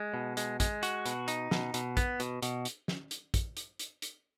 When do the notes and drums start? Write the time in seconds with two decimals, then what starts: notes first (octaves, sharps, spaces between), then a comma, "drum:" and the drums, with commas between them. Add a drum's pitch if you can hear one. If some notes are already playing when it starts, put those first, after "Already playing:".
Already playing: G#3
0.14 B2
0.37 G#3, drum: hi-hat
0.60 G#3, drum: kick, hi-hat
0.83 F#4, drum: hi-hat
1.06 B2, drum: hi-hat
1.28 D#4, drum: hi-hat
1.51 B2, drum: snare
1.74 B2, drum: hi-hat
1.97 B3, drum: kick, hi-hat
2.20 B2, drum: hi-hat
2.42 B2, drum: hi-hat
2.65 drum: hi-hat
2.88 drum: snare
3.11 drum: hi-hat
3.34 drum: kick, hi-hat
3.57 drum: hi-hat
3.79 drum: hi-hat
4.02 drum: hi-hat